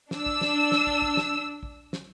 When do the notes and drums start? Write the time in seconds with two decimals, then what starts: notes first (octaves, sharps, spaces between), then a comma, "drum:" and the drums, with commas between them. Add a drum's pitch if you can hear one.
0.11 D4 E6, drum: snare
0.26 drum: kick
0.41 drum: snare
0.72 drum: snare
0.87 drum: kick
1.02 drum: kick
1.17 drum: snare
1.63 drum: kick
1.93 drum: snare